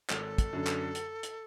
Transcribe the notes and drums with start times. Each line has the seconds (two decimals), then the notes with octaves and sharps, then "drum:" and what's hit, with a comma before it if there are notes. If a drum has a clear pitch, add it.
0.10 G#1 A4, drum: clap
0.38 drum: kick, hi-hat
0.53 F#2 D3
0.67 drum: clap
0.95 drum: hi-hat
1.23 drum: hi-hat